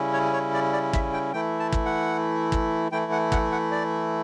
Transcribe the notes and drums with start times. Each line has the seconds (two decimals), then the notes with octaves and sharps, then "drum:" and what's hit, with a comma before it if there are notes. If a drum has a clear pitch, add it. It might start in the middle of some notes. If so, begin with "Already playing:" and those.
Already playing: C#3 G3 C#4 E4
0.13 C#5
0.33 C#5
0.54 D5
0.73 D5
0.94 E5, drum: kick
1.13 G5
1.33 E3 A3 E4 G5
1.60 A5
1.73 drum: kick
1.86 F#5
2.52 drum: kick
2.92 E3 A3 E4 G5
3.12 F#5
3.32 F#5, drum: kick
3.52 F#5
3.71 D5